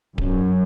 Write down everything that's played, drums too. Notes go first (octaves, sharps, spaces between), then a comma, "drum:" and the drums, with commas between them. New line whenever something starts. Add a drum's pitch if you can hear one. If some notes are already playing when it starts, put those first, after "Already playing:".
F#2, drum: kick D1